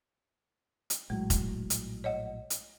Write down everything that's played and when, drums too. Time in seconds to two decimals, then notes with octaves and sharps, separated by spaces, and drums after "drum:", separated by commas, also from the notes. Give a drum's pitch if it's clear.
0.90 drum: hi-hat
1.10 A#1 A2 F#3 G#3
1.30 drum: kick F1, hi-hat
1.70 drum: hi-hat
2.04 C#5 D#5 F#5
2.50 drum: hi-hat